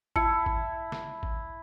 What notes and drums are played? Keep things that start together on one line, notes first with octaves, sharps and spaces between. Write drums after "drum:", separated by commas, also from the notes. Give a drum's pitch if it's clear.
E4 A5 C#7, drum: kick G#1
drum: kick G#1
drum: snare
drum: kick G#1